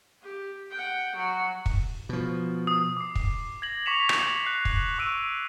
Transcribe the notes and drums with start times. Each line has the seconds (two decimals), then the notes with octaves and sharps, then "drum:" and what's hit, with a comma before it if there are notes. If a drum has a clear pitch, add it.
0.23 G4
0.71 F#5 G5
1.16 F#3 F#4
1.66 drum: kick
2.09 B2 F3
2.67 D#6
2.97 D6 C7
3.15 drum: kick
3.62 G#6 A#6 F#7
3.86 C#6 D6 B6 C#7 E7 F7
4.09 drum: rim click
4.45 F#6 C7
4.65 drum: kick
4.98 C#6 E6 D7 D#7